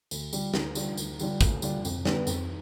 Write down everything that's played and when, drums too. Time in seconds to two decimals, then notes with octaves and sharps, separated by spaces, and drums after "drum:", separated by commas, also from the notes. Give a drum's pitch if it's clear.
0.11 D2, drum: tambourine
0.33 D3 G3 D4 F4, drum: tambourine
0.54 D2, drum: snare
0.75 D3 G3 D4 F4, drum: tambourine
0.97 D2, drum: tambourine
1.19 D3 G3 D4 F4, drum: tambourine
1.41 D2, drum: kick, tambourine
1.62 D3 G3 D4 F4, drum: tambourine
1.85 F2, drum: tambourine
2.05 D3 G3 B3 D4, drum: snare
2.27 F2, drum: tambourine